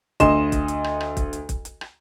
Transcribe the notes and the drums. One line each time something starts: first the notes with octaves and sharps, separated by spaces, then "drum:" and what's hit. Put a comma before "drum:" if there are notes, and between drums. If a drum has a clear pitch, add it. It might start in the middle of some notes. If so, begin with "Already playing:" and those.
D2 D#5 C6 E7, drum: kick, hi-hat
drum: kick, hi-hat
drum: hi-hat
drum: rim click
drum: rim click
drum: kick, hi-hat
drum: hi-hat
drum: kick, hi-hat
drum: hi-hat
drum: rim click